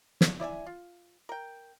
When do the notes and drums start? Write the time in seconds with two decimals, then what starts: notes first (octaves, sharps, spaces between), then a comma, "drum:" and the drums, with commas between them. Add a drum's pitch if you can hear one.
0.21 drum: snare
0.40 E4 D5 E5 G#5
0.66 F4
1.29 A#4 G5